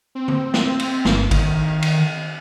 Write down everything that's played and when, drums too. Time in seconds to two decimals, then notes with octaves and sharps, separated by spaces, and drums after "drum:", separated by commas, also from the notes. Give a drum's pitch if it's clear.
0.15 C4
0.28 drum: tom D3
0.54 drum: snare
0.79 drum: cymbal
1.05 G1, drum: snare
1.31 D#3, drum: kick, cymbal
1.82 drum: cymbal